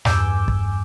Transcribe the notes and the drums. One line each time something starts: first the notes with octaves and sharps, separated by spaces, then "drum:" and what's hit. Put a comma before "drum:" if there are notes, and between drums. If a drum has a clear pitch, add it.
E2 G2 G#5 D6 E6 G6, drum: snare
drum: kick